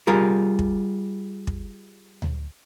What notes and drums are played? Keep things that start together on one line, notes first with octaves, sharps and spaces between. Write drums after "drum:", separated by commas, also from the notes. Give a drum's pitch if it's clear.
G3 F4 G#4 A#4
drum: kick
drum: kick
drum: tom D2